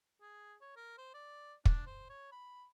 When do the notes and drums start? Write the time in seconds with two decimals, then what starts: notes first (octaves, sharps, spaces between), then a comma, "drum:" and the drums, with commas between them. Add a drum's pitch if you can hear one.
0.22 G#4
0.61 C#5
0.76 A#4
0.98 C5
1.14 D5
1.65 D4, drum: kick
1.86 C5
2.10 C#5
2.32 B5